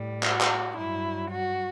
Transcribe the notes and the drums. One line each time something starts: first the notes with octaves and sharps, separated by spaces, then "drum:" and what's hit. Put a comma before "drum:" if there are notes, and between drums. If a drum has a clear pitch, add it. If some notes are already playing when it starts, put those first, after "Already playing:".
Already playing: A2 G3
F#4, drum: clap
drum: clap
G2 F#3 E4
F#4